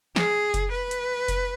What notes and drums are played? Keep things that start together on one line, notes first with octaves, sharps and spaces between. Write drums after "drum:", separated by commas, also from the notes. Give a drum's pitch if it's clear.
G#4, drum: snare
drum: kick F#1, hi-hat
B4
drum: hi-hat
drum: kick F#1, hi-hat